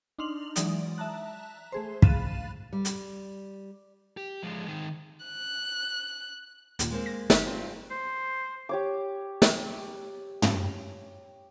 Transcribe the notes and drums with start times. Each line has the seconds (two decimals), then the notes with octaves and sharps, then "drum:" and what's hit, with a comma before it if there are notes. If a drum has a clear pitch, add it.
0.19 D4 D#4 C6 F6 F7 F#7
0.56 E3 F#3 G#3 D5 D#6, drum: hi-hat
0.98 E5 A5 A#5 F#6
1.72 A3 G#4 C5
2.02 F5 B5 F#6 A6 D#7 E7, drum: kick
2.73 G3
2.85 drum: hi-hat
4.17 G4
4.43 F3 G#3
4.68 D#3 G#3
5.25 F#6
6.79 D#2 A#2, drum: hi-hat
6.91 G#3 A#3 C4
7.06 A#6
7.30 G1 D#4 G4, drum: snare
7.47 G2 C4 F4
7.90 C5
8.69 G4 C#5 D6
9.42 drum: snare
10.42 drum: tom